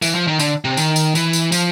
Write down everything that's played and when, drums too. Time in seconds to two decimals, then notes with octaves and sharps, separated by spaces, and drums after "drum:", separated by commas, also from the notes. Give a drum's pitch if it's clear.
0.02 E3, drum: tambourine
0.15 F3
0.27 D#3
0.39 D3, drum: tambourine
0.65 C3
0.77 D#3, drum: tambourine
0.96 drum: tambourine
1.15 E3, drum: tambourine
1.33 drum: tambourine
1.52 F3, drum: tambourine